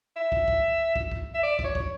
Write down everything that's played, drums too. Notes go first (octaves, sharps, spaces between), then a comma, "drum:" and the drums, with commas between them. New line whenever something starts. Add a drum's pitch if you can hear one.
E5
drum: kick
drum: kick
drum: kick
drum: kick
E5
D5
D5, drum: kick
C#5
drum: kick